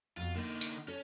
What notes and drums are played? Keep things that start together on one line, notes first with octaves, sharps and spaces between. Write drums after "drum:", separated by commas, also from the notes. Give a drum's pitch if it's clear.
F2 B2 F4
D3 A#3 D#4
drum: tambourine
C#4 A4